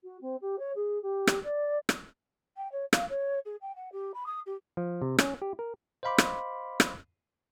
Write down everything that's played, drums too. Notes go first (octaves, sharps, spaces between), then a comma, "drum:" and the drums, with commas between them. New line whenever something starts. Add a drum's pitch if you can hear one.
F#4
C4
G4
C#5
G#4
G4
drum: rim click
D5
drum: rim click
G5
C#5
F5, drum: rim click
C#5
G#4
G5
F#5
G4
B5
D#6
G4
F3
C3
C#4, drum: rim click
G4
A#4
C5 D#5 F5 B5 C6 D6
drum: rim click
drum: rim click